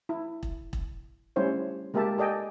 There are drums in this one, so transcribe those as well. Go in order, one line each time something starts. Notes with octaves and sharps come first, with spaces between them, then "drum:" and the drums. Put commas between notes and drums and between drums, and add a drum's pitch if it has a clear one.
E4
drum: kick E1
drum: kick E1
G3 A3 C#4 E4 C5 C#5
G#3 A#3 G4 A#4 E5 A5
G4 A4 D5 D#5 G5 G#5